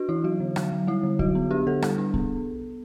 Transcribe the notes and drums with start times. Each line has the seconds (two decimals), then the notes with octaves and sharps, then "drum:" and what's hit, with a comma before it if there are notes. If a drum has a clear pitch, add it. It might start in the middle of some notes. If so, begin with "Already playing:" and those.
Already playing: D4 F#4
0.09 E3 E4
0.24 F#3 F#4
0.40 D3
0.56 F#3, drum: rim click
0.72 F#3
0.87 G3 E4
1.03 D3
1.19 F#3 F#4, drum: kick
1.35 B3
1.51 D4 G4
1.67 D3 A4
1.82 G3, drum: rim click
1.98 D4
2.14 B3, drum: kick